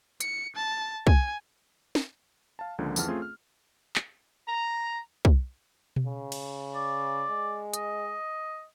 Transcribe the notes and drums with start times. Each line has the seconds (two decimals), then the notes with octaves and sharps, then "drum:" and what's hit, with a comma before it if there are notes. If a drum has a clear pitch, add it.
0.21 C#7, drum: hi-hat
0.56 A5
1.07 G#5, drum: kick
1.95 drum: snare
2.59 F5 A5
2.78 C#2 D3 F3 A#3
2.96 F2 E3 G#4 F#5 A5 F6, drum: tambourine
3.08 A3 C4 C#4 F4 G#4
3.22 F6
3.96 drum: clap
4.47 A#5
5.25 drum: kick
5.96 drum: tom B2
6.06 C#3
6.32 drum: cymbal
6.75 D5
7.30 G#3
7.73 D#5, drum: hi-hat